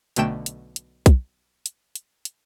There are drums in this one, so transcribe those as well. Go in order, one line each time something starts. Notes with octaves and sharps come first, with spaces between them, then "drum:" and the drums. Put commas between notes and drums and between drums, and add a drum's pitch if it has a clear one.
B1 B2 D3 A3 G5 E7, drum: hi-hat
drum: hi-hat
drum: hi-hat
drum: kick B1, hi-hat
drum: hi-hat
drum: hi-hat
drum: hi-hat